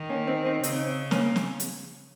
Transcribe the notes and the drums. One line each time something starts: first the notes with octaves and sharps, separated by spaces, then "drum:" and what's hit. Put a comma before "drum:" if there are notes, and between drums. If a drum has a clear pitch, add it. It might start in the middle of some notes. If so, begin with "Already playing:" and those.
Already playing: D#3
A#3 C#4
C4 D#4
C4 D#4
C#3 C4 D#4, drum: hi-hat
A#3 C#4, drum: snare
drum: snare
drum: hi-hat